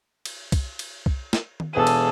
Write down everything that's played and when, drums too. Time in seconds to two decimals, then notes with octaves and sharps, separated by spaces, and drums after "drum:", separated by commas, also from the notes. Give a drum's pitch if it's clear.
0.25 drum: cymbal
0.52 drum: kick, cymbal
0.79 drum: cymbal
1.06 drum: kick
1.33 drum: snare
1.60 drum: tom D#3
1.73 E1 G#4 A4 B4 D#7
1.87 drum: cymbal